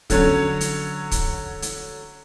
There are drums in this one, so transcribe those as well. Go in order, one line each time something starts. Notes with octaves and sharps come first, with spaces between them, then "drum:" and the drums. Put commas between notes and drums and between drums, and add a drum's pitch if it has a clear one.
D3 F#3 C#4, drum: kick, hi-hat
drum: hi-hat
drum: kick, hi-hat
drum: hi-hat